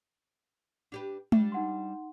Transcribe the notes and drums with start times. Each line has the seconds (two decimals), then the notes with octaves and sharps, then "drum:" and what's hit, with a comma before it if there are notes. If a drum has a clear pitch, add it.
0.92 D4 G4 B4
1.32 G3 D4 F4, drum: tom G#3
1.52 D#4 F#5 C6